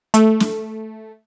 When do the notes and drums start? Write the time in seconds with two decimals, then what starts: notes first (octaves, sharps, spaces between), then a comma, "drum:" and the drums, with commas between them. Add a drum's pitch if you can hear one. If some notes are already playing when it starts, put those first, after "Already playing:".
0.14 A3, drum: hi-hat
0.40 drum: snare